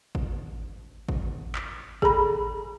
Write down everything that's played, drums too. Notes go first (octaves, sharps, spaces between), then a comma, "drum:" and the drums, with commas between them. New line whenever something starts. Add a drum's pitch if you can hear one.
drum: kick G#1
drum: kick G#1
drum: clap
G#4 A4 A#5 B5, drum: kick G#1